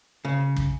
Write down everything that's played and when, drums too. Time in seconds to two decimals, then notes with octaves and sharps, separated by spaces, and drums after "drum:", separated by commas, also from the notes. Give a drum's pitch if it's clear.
0.25 C#3
0.56 drum: kick